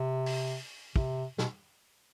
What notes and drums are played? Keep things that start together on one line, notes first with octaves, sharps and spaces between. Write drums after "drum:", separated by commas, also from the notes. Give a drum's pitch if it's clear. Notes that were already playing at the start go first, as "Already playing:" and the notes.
Already playing: C3
drum: open hi-hat
C3, drum: kick
B2, drum: snare